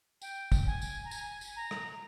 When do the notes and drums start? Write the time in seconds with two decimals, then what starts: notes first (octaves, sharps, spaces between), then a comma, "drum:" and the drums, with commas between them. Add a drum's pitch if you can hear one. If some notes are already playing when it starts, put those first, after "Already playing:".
0.22 G5, drum: tambourine
0.52 drum: kick, tambourine
0.66 G#5
0.81 drum: tambourine
1.05 A#5
1.11 G#5, drum: tambourine
1.41 drum: tambourine
1.56 A#5
1.71 drum: rim click